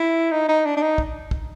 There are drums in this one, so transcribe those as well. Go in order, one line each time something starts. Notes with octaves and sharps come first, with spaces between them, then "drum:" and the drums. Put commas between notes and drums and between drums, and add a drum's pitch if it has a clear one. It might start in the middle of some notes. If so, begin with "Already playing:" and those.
Already playing: E4
D#4
D#4
D4
D4
D#4
drum: kick
drum: kick